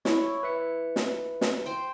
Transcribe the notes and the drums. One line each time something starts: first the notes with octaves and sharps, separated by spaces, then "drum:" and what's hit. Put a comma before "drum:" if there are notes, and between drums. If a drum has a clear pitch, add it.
E4 C#5 C#6, drum: snare
B4 E5 C#7
drum: snare
drum: snare
C5 G5 C6